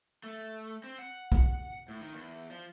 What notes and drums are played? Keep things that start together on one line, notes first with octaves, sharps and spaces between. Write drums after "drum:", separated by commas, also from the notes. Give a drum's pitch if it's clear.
A3
C4
F#5
drum: kick
A2
D#3
E2
F3